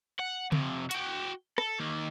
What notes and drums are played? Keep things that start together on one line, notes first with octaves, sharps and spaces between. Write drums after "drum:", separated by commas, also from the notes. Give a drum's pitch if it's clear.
F#5
F2 C3, drum: tom C#3
F#4 G5, drum: hi-hat
A4, drum: rim click
D#3 A#3